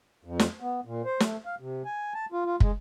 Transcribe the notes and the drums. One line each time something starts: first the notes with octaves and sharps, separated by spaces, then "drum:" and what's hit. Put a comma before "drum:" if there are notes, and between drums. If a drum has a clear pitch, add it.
F2
drum: snare
B3
A#2
C5
A3, drum: snare
F5
C3
G#5
A5
F4
F4
G#3, drum: kick